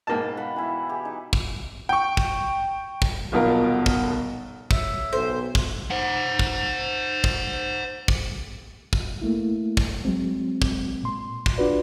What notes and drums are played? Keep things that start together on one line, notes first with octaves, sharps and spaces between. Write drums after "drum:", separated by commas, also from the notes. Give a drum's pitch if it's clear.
G#2 B2 A#3 G5 A5
F5 F#5 B5
E3 E4
G4 G#4
D#4
drum: kick
G5 C#6
drum: kick
drum: kick
D#1 B1 B2 F4 A#4
drum: kick
C#5 E5, drum: kick
B1 A4 C5
drum: kick
C5 F#5
drum: kick
drum: kick
drum: kick
drum: kick
A3 A#3 E4
drum: kick
F#3 G#3 C4
drum: kick
A#2 C6
drum: kick
D4 F4 F#4 B4 D5